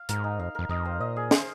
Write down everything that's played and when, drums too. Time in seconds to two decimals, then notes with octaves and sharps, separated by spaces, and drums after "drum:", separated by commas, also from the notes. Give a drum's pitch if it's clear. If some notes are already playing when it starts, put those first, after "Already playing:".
Already playing: F5
0.09 G#2 A#4, drum: hi-hat
0.24 D#4
0.39 F2 F5
0.55 F2 A#4
0.69 F2 D#5
0.85 C5
1.00 A#2 D#5
1.16 G#4
1.31 C5, drum: snare